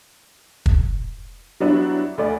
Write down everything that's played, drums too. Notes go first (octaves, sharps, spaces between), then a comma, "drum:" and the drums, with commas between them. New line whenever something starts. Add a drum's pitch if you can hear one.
drum: kick
F#3 G3 B3 D4 E4 F#4
D2 A3 D5